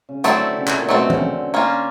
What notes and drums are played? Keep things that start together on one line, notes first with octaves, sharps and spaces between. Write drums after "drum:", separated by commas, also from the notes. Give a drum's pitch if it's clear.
C#3
D3 F#3 A3 C4 E4 A4, drum: hi-hat
C#3
C3, drum: clap
A#2
B2 F#3 A3 C4
C3
C#3, drum: tom E3
D3
A#3 C#4 F4